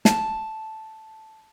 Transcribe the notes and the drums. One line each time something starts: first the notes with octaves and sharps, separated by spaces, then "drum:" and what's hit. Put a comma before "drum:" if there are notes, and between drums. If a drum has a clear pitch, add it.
A5, drum: snare